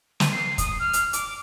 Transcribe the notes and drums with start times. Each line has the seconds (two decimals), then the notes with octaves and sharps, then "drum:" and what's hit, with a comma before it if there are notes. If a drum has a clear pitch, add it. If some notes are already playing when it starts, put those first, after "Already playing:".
0.20 D#7, drum: snare
0.32 C7
0.58 D#6, drum: kick, hi-hat
0.79 F6
0.93 drum: hi-hat
1.13 D6, drum: hi-hat